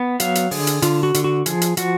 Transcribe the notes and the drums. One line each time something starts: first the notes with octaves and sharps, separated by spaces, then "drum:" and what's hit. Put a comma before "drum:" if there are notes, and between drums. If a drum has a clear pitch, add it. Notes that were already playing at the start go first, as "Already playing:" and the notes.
Already playing: B3
F#3 F5, drum: hi-hat
drum: hi-hat
D3 G#4, drum: open hi-hat
drum: hi-hat
D3 F4, drum: hi-hat
F#4
D3, drum: hi-hat
F#4
F3 G#4, drum: hi-hat
drum: hi-hat
F3 F#4, drum: hi-hat